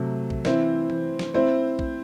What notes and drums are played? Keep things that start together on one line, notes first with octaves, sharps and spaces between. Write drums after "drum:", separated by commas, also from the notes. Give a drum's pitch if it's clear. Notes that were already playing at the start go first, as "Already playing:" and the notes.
Already playing: C3 F#3 A3
drum: kick
E3 C4 E4 C5, drum: snare
drum: tom E3
drum: snare
C4 E4 C5
drum: kick